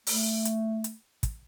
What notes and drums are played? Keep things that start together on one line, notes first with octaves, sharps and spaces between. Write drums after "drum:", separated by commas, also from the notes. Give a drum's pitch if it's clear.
A3, drum: open hi-hat
drum: hi-hat
drum: hi-hat
drum: kick, hi-hat